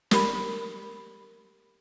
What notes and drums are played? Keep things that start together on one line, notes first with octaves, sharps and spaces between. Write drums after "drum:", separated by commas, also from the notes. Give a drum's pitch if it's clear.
G4 A#4 B5, drum: snare